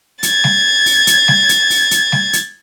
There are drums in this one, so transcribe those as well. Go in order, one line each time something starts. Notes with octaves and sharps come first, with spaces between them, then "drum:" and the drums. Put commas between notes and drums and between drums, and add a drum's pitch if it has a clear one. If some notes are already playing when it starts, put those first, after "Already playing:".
G#6 A6, drum: hi-hat
drum: snare G3
drum: open hi-hat
drum: hi-hat
drum: snare G3
drum: hi-hat
drum: open hi-hat
drum: hi-hat
drum: snare G3
drum: hi-hat